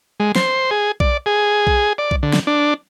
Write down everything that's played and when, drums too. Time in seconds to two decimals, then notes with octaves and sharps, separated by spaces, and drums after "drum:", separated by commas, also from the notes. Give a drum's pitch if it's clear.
0.20 G#3
0.35 C5, drum: snare
0.71 G#4
1.00 D5, drum: kick B1
1.26 G#4
1.67 drum: kick B1
1.98 D5
2.11 drum: kick B1
2.23 D3
2.33 drum: snare
2.47 D4